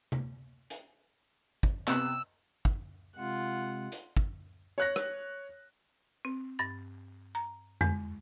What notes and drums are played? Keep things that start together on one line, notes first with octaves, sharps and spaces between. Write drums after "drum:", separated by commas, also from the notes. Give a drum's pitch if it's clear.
drum: tom C3
drum: hi-hat
drum: kick
C3 B3 E6 F#6, drum: clap
drum: kick
C3 G#3 C4 F4 F#5
drum: hi-hat
drum: kick
C#5 F#6 A#6
drum: rim click
C4
G2 A6
A#5
E2 G#3, drum: tom F2